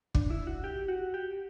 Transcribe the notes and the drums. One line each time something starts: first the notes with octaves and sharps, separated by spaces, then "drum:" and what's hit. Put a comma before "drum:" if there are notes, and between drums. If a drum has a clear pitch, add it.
D4, drum: kick
E4
F#4
G4
F#4
G4